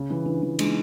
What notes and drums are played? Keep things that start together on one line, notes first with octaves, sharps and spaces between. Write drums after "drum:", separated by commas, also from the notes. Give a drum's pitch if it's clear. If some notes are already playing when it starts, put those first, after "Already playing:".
Already playing: C#3
E3
E3 D4 E4
E3
G#3 D4, drum: cymbal
D#4